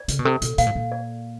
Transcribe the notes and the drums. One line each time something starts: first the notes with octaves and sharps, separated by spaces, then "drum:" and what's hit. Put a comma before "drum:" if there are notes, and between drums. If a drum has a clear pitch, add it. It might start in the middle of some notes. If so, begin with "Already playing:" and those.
Already playing: D5
C#3, drum: hi-hat
B2
C3 A4
B2, drum: hi-hat
A#2 F5, drum: hi-hat
A2
A#2
D5